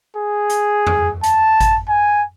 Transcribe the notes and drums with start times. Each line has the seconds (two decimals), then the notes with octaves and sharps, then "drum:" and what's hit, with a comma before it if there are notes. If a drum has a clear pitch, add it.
0.17 G#4
0.50 drum: hi-hat
0.87 drum: tom E2
1.24 A5, drum: hi-hat
1.60 drum: kick G#1, hi-hat
1.89 G#5